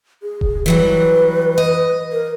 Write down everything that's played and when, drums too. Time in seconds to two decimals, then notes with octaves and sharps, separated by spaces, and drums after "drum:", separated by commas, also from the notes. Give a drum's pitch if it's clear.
0.22 G#4
0.41 drum: kick D#1
0.66 E3 F#3 G3 B4
1.58 D#5
2.12 A#4